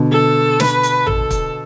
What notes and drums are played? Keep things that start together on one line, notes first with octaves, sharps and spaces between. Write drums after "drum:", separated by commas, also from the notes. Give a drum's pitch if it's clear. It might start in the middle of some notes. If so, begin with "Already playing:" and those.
Already playing: B2 D3
A4
B4, drum: snare
drum: hi-hat
A4, drum: tom A1
drum: kick, hi-hat